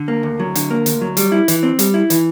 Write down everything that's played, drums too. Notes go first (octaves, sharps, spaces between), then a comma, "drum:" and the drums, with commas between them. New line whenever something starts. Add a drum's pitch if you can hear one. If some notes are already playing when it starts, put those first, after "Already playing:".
Already playing: D3
A#3
D2
F#3
D3, drum: hi-hat
A#3
D2, drum: hi-hat
F#3
G3, drum: hi-hat
E4
E3, drum: hi-hat
C4
G3, drum: hi-hat
E4
E3, drum: hi-hat